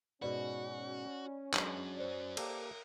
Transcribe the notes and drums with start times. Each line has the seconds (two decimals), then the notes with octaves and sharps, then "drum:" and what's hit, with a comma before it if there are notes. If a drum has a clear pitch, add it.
0.22 G#2 B2 C#4 F#4 B4 D5 B5
1.54 F#2 F#3 G#3 D4 F#7, drum: clap
1.97 C5 D5
2.37 A#3 G4 A4 A#4, drum: cymbal